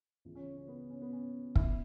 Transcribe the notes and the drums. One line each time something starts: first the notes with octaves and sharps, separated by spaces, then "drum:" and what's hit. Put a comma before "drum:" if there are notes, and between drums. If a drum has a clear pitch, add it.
C#2 C#3 E3 G#3
C#4
C#4
B3
C#4
B3
C#4
E4, drum: kick